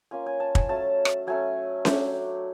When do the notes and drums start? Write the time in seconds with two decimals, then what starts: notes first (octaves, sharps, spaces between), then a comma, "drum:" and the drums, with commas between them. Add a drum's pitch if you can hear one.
0.11 A#3 C#4 F4 G#5
0.26 G#5
0.40 A5
0.55 G#5, drum: kick
0.69 F#3 A3 C#4 A5
1.05 drum: rim click
1.27 F#3 A3 C#4 G#5
1.85 F#3 A3 D4 G5, drum: snare C#4